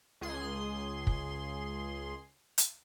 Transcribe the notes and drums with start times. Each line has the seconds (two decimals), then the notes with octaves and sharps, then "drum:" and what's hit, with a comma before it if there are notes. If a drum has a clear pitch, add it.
0.21 C#2 G#4 C6
1.07 drum: kick
2.58 drum: hi-hat